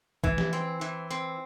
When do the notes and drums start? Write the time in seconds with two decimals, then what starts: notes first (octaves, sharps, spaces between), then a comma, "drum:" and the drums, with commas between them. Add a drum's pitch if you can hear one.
0.24 E3, drum: kick
0.38 drum: snare
0.53 C4, drum: hi-hat
0.81 E3, drum: hi-hat
1.11 C4, drum: hi-hat